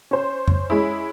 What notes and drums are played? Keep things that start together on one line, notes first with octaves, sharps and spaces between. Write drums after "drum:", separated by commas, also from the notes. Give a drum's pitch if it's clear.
C#4 C5
drum: tom F2
G#3 C#4 E4